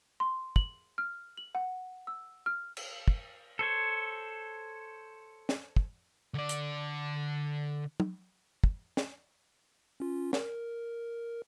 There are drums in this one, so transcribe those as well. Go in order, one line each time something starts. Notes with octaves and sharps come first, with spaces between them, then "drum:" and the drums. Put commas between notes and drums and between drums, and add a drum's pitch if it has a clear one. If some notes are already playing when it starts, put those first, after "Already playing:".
C6
F#7, drum: kick
F6
F#7
F#5
E6
F6
drum: cymbal
drum: kick
A4 C5 C#5
drum: snare
drum: kick
D3 D5
drum: hi-hat
drum: tom
drum: kick
drum: snare
C#4 F4
A#4, drum: snare